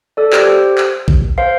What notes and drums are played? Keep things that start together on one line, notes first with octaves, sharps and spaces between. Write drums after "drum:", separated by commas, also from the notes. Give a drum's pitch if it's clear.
A4 D5
G4 C5, drum: clap
G4 C5
drum: clap
drum: kick A#1
C5 F5